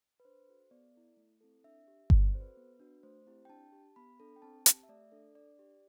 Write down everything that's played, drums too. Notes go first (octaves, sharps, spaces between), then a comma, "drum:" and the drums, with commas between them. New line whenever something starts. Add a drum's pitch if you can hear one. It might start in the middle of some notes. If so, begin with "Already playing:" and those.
B4
D4 C5
F#4 A4
B3 D5
E4 A4
A3
C4 E4 A4
D4 E5
G4
C4 D5, drum: kick G1
F#4 A4 C5
B4
B3
D4 F#4
A3 C5
C4 E4 G4
G5
D4 A5
G4
B3 B5
D4 A4
G5
C4 A5
G4, drum: hi-hat
E5
A3 D5
D4 A4
D4 D5
G4